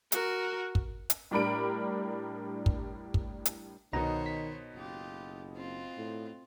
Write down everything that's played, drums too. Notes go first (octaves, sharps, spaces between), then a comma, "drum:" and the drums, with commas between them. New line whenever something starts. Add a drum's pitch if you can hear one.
F#4 A#4, drum: hi-hat
drum: kick
drum: hi-hat
A2 G3 D4 A#4 B5 D7
drum: kick
drum: kick
drum: hi-hat
C2 B2 D#3 B3 D#4 C5 C#5 A#5
B6
F#1 F4 G4
C4 F4
A2